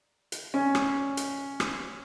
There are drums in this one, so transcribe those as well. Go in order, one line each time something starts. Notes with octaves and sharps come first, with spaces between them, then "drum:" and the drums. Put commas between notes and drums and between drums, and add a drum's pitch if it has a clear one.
drum: hi-hat
C#4
drum: rim click
drum: hi-hat
drum: rim click